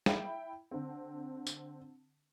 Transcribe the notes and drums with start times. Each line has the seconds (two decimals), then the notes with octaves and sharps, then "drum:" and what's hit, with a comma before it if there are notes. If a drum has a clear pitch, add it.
0.06 E4 G5 B5, drum: snare
0.71 D3 C4
1.47 drum: tambourine